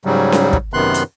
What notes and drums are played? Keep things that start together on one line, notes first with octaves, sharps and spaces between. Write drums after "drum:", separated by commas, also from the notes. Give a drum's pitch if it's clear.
G#2 C#3 F#3 G3
drum: snare C#4
drum: kick
F#2 C3 D#3 B3 C6 F#6
drum: hi-hat